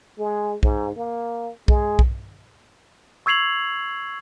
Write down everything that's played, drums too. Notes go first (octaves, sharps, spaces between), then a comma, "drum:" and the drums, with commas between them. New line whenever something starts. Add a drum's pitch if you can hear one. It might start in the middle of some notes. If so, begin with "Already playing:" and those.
G#3
G#2, drum: kick
A#3
G#3, drum: kick
drum: kick
C#6 E6 G#6 C7 F7 F#7